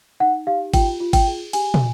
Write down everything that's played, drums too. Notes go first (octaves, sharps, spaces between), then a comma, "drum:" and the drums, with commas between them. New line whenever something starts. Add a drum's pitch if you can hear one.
D#4 F#5
G4 F5
F4 G5, drum: kick G#1, cymbal
F4
G5, drum: kick G#1, cymbal
G#4
G4 G#5, drum: cymbal
drum: tom